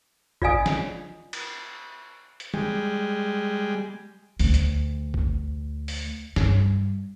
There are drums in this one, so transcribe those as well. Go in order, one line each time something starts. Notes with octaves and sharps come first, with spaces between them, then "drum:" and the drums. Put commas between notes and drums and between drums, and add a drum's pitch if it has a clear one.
F4 D5 D#5 F5 G#5 D#6, drum: kick A1
drum: snare
drum: cymbal
drum: hi-hat
G3 G#3, drum: tom
D2, drum: open hi-hat
drum: hi-hat
drum: kick A1
drum: open hi-hat
G2, drum: snare